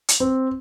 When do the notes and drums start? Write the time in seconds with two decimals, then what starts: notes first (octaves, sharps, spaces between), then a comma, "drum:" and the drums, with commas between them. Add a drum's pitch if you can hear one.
0.08 drum: hi-hat
0.20 C4